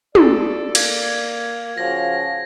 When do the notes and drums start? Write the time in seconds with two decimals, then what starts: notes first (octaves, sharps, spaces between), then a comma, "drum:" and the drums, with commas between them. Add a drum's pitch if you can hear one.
0.15 A4 D5, drum: tom
0.75 A#3 G#6, drum: cymbal
1.78 C#3 F3 F#4 F5 A#6